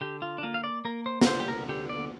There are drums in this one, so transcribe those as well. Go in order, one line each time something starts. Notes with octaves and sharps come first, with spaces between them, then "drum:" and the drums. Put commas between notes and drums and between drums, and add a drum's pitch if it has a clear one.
D3 G4
F4
D4
A#3 F4
F5
D5
A#3 A#4
C5
A#4, drum: snare
D3 C5
G4
A#4
D3 G4
D5